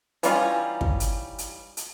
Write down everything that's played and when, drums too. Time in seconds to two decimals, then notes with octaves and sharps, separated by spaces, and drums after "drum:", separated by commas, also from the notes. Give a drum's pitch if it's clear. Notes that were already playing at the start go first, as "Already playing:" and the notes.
0.23 E3 G3 C#4 D#4 F4, drum: hi-hat
0.81 drum: kick
1.00 drum: hi-hat
1.38 drum: hi-hat
1.77 drum: hi-hat